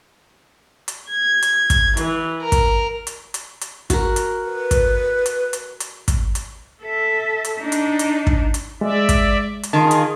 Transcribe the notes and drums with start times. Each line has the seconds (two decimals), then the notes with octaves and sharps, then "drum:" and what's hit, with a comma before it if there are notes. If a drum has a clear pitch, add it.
0.88 drum: hi-hat
1.09 G#6
1.42 drum: hi-hat
1.70 drum: kick, hi-hat
1.97 E3, drum: hi-hat
2.43 A#4
2.52 drum: kick, hi-hat
3.07 drum: hi-hat
3.34 drum: hi-hat
3.61 drum: hi-hat
3.90 F#4 A#4, drum: kick, hi-hat
4.16 drum: hi-hat
4.46 B4
4.71 drum: kick, hi-hat
5.26 drum: hi-hat
5.53 drum: hi-hat
5.80 drum: hi-hat
6.08 drum: kick, hi-hat
6.35 drum: hi-hat
6.83 A4 E5
7.45 drum: hi-hat
7.61 D4 D#4
7.72 drum: hi-hat
7.99 drum: hi-hat
8.27 drum: kick
8.54 drum: hi-hat
8.81 G#3 D5 E5
9.09 drum: kick, hi-hat
9.63 drum: hi-hat
9.73 D#3 F4 G#4 A5 C6
9.91 drum: hi-hat